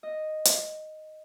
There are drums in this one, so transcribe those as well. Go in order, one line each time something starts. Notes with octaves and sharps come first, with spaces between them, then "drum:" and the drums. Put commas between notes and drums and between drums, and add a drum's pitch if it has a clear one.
D#5
drum: hi-hat